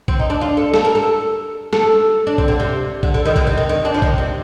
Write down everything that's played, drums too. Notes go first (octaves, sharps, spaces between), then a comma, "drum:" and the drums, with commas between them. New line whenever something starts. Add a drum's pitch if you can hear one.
C4, drum: kick B1
D#4
D4
F4
A4
A4, drum: snare
A#4
A4
A4, drum: snare
D4
C4, drum: kick B1
D3
C3
D3, drum: kick B1
D3
D#3
D3, drum: kick B1
C3
D#3
D#3
D4
F3
D#3, drum: kick B1
C3